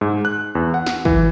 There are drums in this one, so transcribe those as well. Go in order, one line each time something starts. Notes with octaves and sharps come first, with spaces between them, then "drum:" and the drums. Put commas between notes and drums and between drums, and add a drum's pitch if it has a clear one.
G#2
F#6
E2
F#5
drum: snare
E3, drum: kick